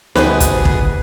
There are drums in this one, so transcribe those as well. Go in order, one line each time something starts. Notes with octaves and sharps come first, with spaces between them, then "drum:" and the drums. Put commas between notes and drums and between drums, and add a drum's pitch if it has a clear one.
D2 G3 B3 G#4 B4 C5, drum: snare
drum: kick, hi-hat
drum: kick